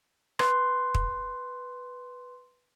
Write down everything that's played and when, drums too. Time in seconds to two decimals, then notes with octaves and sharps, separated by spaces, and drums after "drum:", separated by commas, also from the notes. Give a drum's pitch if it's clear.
0.39 B4 C6, drum: rim click
0.95 drum: kick